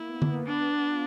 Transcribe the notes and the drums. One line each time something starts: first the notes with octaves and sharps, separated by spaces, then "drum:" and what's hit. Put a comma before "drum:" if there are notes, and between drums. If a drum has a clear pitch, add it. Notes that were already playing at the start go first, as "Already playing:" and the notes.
Already playing: A#3 E4
B3
A#3, drum: tom D3
B3
D4
F4